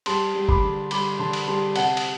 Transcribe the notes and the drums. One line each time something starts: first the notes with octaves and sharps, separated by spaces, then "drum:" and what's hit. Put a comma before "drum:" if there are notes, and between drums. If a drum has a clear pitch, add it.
G3 A5 C6, drum: cymbal
G3
B5 D6, drum: kick
D3
G3 B5 D6, drum: cymbal
D3 A5 C6
drum: cymbal
G3 A5 C6
C3 F#5 A5, drum: cymbal
drum: cymbal